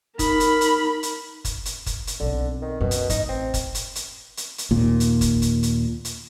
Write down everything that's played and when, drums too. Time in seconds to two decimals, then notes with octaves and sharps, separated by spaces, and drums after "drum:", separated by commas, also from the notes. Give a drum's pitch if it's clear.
0.19 D#4 A#4 B5, drum: kick, hi-hat
0.40 drum: hi-hat
0.61 drum: hi-hat
1.03 drum: hi-hat
1.45 drum: kick, hi-hat
1.65 drum: hi-hat
1.86 drum: kick, hi-hat
2.07 drum: hi-hat
2.20 B1 D3 C4
2.62 D#3
2.81 F#2 B2
2.91 drum: hi-hat
3.10 A1 A2 D#4, drum: kick, hi-hat
3.29 C4
3.54 drum: kick, hi-hat
3.75 drum: hi-hat
3.95 drum: hi-hat
4.37 drum: hi-hat
4.58 drum: hi-hat
4.71 D#2 A#2
5.00 drum: hi-hat
5.21 drum: kick, hi-hat
5.42 drum: hi-hat
5.63 drum: hi-hat
6.05 drum: hi-hat